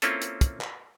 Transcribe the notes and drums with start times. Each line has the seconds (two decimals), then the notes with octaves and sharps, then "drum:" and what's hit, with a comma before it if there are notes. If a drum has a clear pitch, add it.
0.02 A#3 C4 C#4 E4 F4 A4, drum: hi-hat
0.22 drum: hi-hat
0.41 drum: kick, hi-hat
0.61 drum: clap